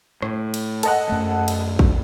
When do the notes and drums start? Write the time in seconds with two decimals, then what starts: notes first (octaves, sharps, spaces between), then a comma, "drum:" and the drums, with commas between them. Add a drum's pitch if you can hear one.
0.22 A2, drum: rim click
0.54 drum: cymbal
0.83 A4 D#5 F#5, drum: cymbal
1.09 F#2 A3
1.48 drum: cymbal
1.79 drum: kick A1